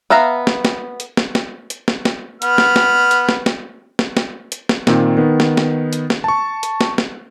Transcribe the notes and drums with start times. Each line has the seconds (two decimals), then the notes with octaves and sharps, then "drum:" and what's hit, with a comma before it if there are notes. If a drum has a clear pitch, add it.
0.10 B3 E5 F5 A#5
0.47 drum: snare
0.65 drum: snare
1.00 drum: hi-hat
1.17 drum: snare
1.35 drum: snare
1.70 drum: hi-hat
1.88 drum: snare
2.05 drum: snare
2.42 B3 F6, drum: hi-hat
2.58 drum: snare
2.76 drum: snare
3.11 drum: hi-hat
3.29 drum: snare
3.46 drum: snare
3.99 drum: snare
4.17 drum: snare
4.52 drum: hi-hat
4.69 drum: snare
4.87 A#2 D#3 C4, drum: snare
5.17 D#3 B3
5.40 drum: snare
5.57 drum: snare
5.93 drum: hi-hat
6.10 drum: snare
6.24 A5 C#6
6.63 drum: hi-hat
6.81 drum: snare
6.98 drum: snare